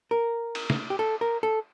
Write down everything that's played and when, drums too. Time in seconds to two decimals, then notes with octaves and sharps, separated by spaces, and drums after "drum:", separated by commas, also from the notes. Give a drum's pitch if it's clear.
0.11 A#4
0.55 drum: cymbal
0.70 drum: snare
0.90 G4
0.99 A4
1.21 A#4
1.43 A4